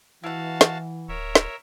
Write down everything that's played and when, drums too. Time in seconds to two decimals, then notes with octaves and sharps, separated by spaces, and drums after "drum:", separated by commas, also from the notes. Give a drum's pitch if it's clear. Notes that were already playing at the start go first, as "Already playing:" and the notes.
0.24 E3 E4 F#4 F5 F#5 A5
0.61 drum: snare
1.08 D1 A#4 C#5 E5
1.35 drum: snare